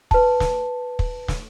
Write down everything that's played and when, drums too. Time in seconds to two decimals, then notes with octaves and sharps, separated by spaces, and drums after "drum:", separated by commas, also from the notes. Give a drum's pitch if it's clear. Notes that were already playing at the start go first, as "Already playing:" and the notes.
0.11 B4 A5, drum: kick
0.40 drum: snare
0.99 drum: kick
1.28 drum: snare